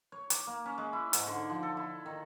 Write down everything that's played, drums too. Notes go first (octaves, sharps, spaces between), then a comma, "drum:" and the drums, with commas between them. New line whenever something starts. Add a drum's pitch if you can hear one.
C#5
D6, drum: hi-hat
A#3
C#4
G#3
E4
G#2, drum: hi-hat
D3
F3
A4
E4
D#3